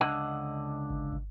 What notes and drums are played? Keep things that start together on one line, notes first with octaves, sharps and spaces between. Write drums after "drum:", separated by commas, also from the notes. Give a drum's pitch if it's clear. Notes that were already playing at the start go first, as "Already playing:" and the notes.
C#2 D3 D4 D#5 F#5
drum: kick
drum: kick